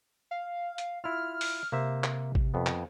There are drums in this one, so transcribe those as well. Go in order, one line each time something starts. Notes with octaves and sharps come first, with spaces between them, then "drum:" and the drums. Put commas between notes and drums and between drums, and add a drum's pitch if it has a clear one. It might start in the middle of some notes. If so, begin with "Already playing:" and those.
F5
drum: hi-hat
E4 F4 F6
drum: open hi-hat
C3 A#3 C5 E5
drum: clap
drum: kick
F2 B3
drum: clap